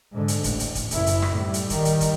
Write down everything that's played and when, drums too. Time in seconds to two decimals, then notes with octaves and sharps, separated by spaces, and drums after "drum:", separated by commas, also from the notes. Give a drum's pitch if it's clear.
0.12 G#2 D3
0.28 drum: hi-hat
0.44 A1, drum: kick, hi-hat
0.60 drum: hi-hat
0.75 drum: kick, hi-hat
0.91 F#1 E4, drum: hi-hat
1.07 drum: hi-hat
1.22 drum: rim click
1.32 A2 G3
1.54 drum: hi-hat
1.70 D#3 G3, drum: kick, hi-hat
1.85 drum: hi-hat
2.01 drum: kick, hi-hat